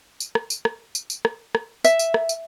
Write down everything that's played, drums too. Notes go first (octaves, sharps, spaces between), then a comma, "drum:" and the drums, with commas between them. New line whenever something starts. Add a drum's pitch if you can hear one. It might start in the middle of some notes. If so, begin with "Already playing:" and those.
drum: tambourine
drum: rim click
drum: tambourine
drum: rim click
drum: tambourine
drum: tambourine
drum: rim click
drum: rim click
E5, drum: tambourine
drum: tambourine
drum: rim click
drum: tambourine